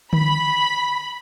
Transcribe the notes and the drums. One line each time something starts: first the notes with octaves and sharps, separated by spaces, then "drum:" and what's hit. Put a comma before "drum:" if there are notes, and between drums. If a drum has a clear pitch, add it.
B5, drum: tom D3